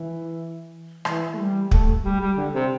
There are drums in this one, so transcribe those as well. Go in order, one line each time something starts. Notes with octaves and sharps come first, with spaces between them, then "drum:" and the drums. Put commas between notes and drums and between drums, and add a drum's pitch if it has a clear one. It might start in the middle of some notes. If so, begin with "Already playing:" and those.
Already playing: E3
E3, drum: rim click
A3
G3
A3, drum: kick
G3
G3
D3
C3